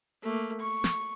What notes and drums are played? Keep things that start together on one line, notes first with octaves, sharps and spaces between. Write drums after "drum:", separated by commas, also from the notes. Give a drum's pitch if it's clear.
A3 A#3
C#6
drum: snare